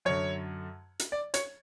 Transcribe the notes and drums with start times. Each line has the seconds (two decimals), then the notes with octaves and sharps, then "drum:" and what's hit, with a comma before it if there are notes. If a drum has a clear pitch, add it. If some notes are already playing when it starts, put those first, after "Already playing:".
0.05 F#2 D3 C#5
0.99 drum: hi-hat
1.12 D5
1.34 C#5, drum: hi-hat